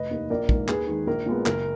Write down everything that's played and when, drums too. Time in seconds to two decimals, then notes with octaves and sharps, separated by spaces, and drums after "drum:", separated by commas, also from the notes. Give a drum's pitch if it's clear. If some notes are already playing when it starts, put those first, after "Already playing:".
Already playing: F1 B4 D#5
0.11 D#2 D#3 A#3
0.30 A#1 A#4 D5
0.49 G#2 D#3 A#3, drum: kick
0.68 D#2 G#4 B4, drum: clap
0.87 D#3 G#3
1.07 A#1 A#4
1.26 A#2 G#3 B3
1.46 F#1 A#4, drum: clap